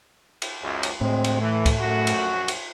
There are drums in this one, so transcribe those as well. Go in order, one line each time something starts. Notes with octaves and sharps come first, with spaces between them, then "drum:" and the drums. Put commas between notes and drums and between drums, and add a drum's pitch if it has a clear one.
drum: cymbal
C#2 F#2
drum: cymbal
D2 A2 G#3 C4
drum: cymbal
E3 A3
drum: kick, cymbal
A#1 F#2 F#4
drum: cymbal
drum: cymbal